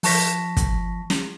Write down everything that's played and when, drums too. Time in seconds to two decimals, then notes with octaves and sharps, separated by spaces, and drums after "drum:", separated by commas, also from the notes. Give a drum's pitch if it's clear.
0.03 F3 A5 C#6 A#6 B6, drum: open hi-hat
0.57 drum: kick, hi-hat
1.10 drum: snare